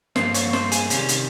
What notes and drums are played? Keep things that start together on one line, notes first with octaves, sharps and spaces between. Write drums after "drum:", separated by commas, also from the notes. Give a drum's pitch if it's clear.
G2 F3 A#3 C5, drum: snare
C#5, drum: hi-hat
C5, drum: snare
G#4, drum: hi-hat
C3 D#3 G3 C#4, drum: hi-hat
drum: hi-hat